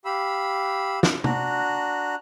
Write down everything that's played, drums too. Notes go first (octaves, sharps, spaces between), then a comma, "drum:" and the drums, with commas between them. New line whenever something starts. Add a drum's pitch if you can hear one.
G4 F5 B5 E6
drum: snare
D4 F#4 A#5 F#6, drum: tom